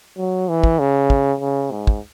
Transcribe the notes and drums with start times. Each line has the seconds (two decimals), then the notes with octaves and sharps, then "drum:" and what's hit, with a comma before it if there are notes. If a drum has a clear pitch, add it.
0.18 F#3
0.49 E3
0.64 drum: kick
0.79 C#3
1.10 drum: kick
1.40 C#3
1.71 G#2
1.87 drum: kick